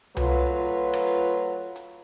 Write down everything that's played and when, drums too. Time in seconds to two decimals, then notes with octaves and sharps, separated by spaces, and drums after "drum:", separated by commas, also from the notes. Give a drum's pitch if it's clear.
0.17 F#3 A3 F4 B4, drum: tom C2
0.93 drum: rim click
1.76 drum: hi-hat